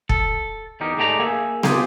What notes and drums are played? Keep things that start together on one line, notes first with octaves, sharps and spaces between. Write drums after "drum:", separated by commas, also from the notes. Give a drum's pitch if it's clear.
A4, drum: kick
E2 D#4 G4 A#4
G#2 G#3 A3 G4 D5 A#5
A#3 G#4 E5
F4 G4 G#4 C5, drum: snare